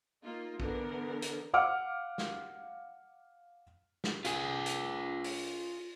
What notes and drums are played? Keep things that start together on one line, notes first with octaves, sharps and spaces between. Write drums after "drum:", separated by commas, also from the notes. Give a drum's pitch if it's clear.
A#3 D#4 F4
D3 E3 B3 A#4, drum: kick A#1
drum: hi-hat
F5 F#5 D6 F6
drum: snare
drum: snare
F4 G#4, drum: hi-hat
drum: hi-hat
drum: open hi-hat